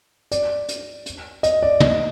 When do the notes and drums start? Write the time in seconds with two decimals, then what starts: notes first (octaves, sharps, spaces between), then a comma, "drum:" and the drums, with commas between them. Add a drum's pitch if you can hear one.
0.32 D5, drum: hi-hat
0.68 drum: hi-hat
1.06 drum: hi-hat
1.43 D#5, drum: hi-hat
1.62 D5
1.80 D#5, drum: tom